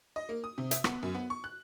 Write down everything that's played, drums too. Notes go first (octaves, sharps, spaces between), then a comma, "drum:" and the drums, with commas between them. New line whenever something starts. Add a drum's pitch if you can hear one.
D#5
A#3
D#6
C3
E5, drum: hi-hat
B3, drum: rim click
F#2
B3
C#6
F#6